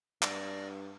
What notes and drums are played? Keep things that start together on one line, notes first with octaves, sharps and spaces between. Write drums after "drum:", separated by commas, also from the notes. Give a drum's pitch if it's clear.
G2 D5 A#6, drum: clap